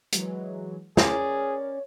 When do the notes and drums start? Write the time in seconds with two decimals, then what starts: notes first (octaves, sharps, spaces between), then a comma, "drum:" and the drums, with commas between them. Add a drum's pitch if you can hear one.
0.12 E3 F#3 G#3, drum: hi-hat
0.97 C#4 G#4 A#4 C#5 D5, drum: snare